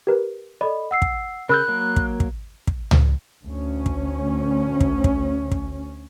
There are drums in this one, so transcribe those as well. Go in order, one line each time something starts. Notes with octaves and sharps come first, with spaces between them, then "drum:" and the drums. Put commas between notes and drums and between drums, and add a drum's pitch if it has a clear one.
G4 A#4 B4
A4 D5 D#5 B5
F#5 E6 C7
drum: kick
C#3 A#4 B5 E6 F#6 G6
F#3 A#3
drum: kick
drum: kick
drum: kick
drum: tom C#2
D2 C#4
drum: kick
drum: kick
drum: kick
drum: kick